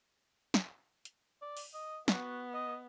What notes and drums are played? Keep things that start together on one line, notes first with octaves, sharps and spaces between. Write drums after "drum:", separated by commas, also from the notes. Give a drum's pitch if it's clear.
drum: snare
drum: hi-hat
D5
drum: open hi-hat
D#5
B3 F#4, drum: snare
D#5